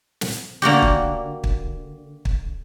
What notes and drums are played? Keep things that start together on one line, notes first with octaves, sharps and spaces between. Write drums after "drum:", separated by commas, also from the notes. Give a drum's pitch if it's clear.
drum: snare
D3 A#3 F#4 G4
drum: kick
drum: kick
drum: kick